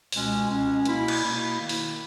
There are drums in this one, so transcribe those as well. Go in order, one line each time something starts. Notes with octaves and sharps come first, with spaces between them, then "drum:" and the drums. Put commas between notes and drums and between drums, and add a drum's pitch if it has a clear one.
C#2 B2 G#3 C#4, drum: open hi-hat
C#2 B2 G#3 C#4
B2 A#3 E4, drum: hi-hat
drum: cymbal
B2 A#3 E4
D#3 A#3 E4
drum: open hi-hat